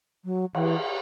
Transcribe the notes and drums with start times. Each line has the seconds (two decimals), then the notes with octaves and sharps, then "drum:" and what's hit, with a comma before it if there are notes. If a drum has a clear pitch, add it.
0.25 F#3
0.55 E3, drum: cymbal